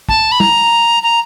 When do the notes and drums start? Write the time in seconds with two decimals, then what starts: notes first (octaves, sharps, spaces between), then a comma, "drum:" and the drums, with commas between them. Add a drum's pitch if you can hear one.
0.09 A5, drum: kick
0.32 B5
0.40 A#5, drum: tom
1.03 A#5